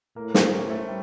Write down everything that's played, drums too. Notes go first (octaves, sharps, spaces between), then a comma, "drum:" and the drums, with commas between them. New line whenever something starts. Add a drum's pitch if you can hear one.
A2 A#3
C4, drum: snare
C#4
A3
G3